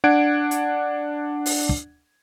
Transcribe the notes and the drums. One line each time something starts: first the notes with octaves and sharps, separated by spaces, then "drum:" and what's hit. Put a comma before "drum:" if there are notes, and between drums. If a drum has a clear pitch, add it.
D4 F#5 G#6 D7
drum: hi-hat
drum: open hi-hat
drum: kick